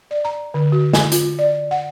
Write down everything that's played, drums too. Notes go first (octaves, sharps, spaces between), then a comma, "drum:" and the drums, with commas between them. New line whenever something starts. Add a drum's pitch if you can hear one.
D5
A#5
D3
F#4
G#5, drum: snare
F4, drum: hi-hat
D5
F#5